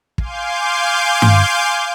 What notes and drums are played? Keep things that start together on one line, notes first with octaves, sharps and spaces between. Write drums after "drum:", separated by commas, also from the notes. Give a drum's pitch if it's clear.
F5 G#5 C6 D6 G6, drum: kick
drum: tom G2